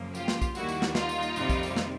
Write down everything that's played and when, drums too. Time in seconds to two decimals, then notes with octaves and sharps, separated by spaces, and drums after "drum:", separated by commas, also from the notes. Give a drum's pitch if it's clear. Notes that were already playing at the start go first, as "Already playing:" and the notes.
Already playing: F#2 C#3 F3 A#3
0.15 F4 G4, drum: tambourine
0.28 drum: snare
0.42 drum: kick B1, tambourine
0.55 D#2 D#3 G3 A#3 E4 F#4, drum: tambourine
0.69 drum: tambourine
0.82 drum: snare
0.95 D#4 F4, drum: snare
1.09 drum: tambourine
1.23 drum: tambourine
1.36 F2 C3 D#3 G3, drum: tambourine
1.49 drum: kick B1, tambourine
1.63 drum: tambourine
1.76 drum: snare